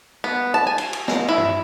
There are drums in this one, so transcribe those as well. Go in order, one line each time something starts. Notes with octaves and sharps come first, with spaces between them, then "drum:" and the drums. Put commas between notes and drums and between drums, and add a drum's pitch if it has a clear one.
B3
A5
G#5
drum: cymbal
drum: cymbal
G#3, drum: snare
E4
drum: tom